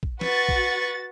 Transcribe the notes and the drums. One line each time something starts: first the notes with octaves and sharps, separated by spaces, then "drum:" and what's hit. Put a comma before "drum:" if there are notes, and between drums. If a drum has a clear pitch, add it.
drum: kick A#1
F#4 B4 C#6 A6, drum: snare
drum: kick A#1